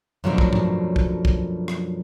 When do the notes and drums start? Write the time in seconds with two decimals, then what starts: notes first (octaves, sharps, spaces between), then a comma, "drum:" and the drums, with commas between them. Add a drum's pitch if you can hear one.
0.24 F#2 B2 F3 F#3 A3 D4
0.38 drum: kick
0.53 drum: tom G#2
0.96 drum: kick
1.25 drum: kick
1.68 drum: rim click